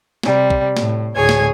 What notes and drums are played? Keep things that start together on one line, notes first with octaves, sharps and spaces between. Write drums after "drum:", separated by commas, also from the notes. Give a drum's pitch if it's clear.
C3 G3, drum: snare
drum: kick
A2, drum: snare
D2 A2 G#4 C#5 G#5 G#6
drum: snare